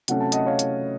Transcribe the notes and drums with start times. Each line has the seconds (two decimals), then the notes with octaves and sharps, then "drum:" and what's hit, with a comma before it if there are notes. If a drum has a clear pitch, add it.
0.08 C3 F#3 A3 C#4 F#5, drum: hi-hat
0.20 A5
0.32 D#5 F#5, drum: hi-hat
0.46 C#5 F5
0.59 drum: hi-hat